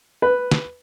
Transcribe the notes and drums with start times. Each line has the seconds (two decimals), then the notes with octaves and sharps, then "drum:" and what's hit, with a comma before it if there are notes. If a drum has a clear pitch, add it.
0.22 B4
0.51 drum: snare